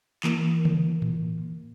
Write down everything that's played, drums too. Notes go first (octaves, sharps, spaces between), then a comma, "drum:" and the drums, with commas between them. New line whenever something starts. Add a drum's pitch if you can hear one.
E3 A#3, drum: clap
drum: tom C#3
drum: tom A2